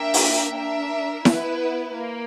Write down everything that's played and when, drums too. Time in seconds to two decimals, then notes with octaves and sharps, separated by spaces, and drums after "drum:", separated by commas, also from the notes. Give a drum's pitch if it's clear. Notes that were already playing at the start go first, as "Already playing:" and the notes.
Already playing: A#3 D4 A#4 E5 G5
0.14 drum: open hi-hat
0.55 D4 A#4 E5
1.25 B3 E4 B4, drum: snare E4
1.96 A#3